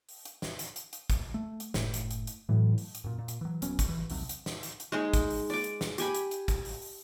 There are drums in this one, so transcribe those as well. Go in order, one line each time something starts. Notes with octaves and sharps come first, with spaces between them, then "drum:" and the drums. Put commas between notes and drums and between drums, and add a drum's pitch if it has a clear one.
drum: open hi-hat
drum: hi-hat
drum: snare
drum: hi-hat
drum: hi-hat
drum: hi-hat
drum: kick, hi-hat
A3
drum: hi-hat
F#1 A2, drum: snare
drum: hi-hat
drum: hi-hat
drum: hi-hat
A2 E3 F#3
drum: open hi-hat
drum: hi-hat
F#2 A#2
A#2
drum: hi-hat
E3 F#3
D1 F#3 B3 C#4, drum: hi-hat
drum: kick, hi-hat
E3
A#1 D#2 C3 F#3, drum: open hi-hat
drum: hi-hat
drum: snare
drum: hi-hat
drum: hi-hat
G#3 D#4 G#4
drum: kick, hi-hat
drum: open hi-hat
D5 D6, drum: open hi-hat
drum: hi-hat
drum: snare
G4 G#5 B5, drum: hi-hat
drum: hi-hat
drum: hi-hat
drum: kick, hi-hat
drum: open hi-hat
drum: open hi-hat